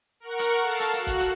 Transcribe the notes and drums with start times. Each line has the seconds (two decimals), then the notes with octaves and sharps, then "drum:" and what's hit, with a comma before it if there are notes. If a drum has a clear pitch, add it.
0.20 A#4 F#5 C#6
0.39 drum: hi-hat
0.62 A4 F5 A5
0.80 drum: hi-hat
0.93 F#4 F#6, drum: hi-hat
1.07 drum: kick, hi-hat
1.20 drum: hi-hat